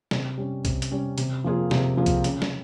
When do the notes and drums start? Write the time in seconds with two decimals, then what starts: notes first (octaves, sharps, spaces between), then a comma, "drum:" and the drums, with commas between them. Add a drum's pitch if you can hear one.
0.11 C3, drum: snare
0.38 G3 C#4
0.65 C3, drum: kick, hi-hat
0.82 drum: hi-hat
0.91 G3 C#4
1.18 C3, drum: hi-hat
1.44 F3 A#3 F4 G#4
1.71 C3, drum: snare
1.97 F3 A#3 F4 G#4
2.06 drum: kick, hi-hat
2.24 C#3, drum: hi-hat
2.42 drum: snare